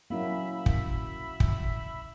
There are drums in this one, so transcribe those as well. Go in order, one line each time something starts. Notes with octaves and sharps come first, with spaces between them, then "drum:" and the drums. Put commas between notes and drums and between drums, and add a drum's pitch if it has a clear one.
F#3 A#3 C#4 E4 E5 F5 B5
drum: kick
drum: kick